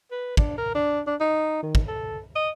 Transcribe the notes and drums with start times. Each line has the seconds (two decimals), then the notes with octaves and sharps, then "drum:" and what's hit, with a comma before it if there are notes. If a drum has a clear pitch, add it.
0.11 B4
0.37 D4, drum: kick
0.58 A#4
0.75 D4
1.07 D4
1.20 D#4
1.62 D#3
1.75 drum: kick
1.88 A4
2.36 D#5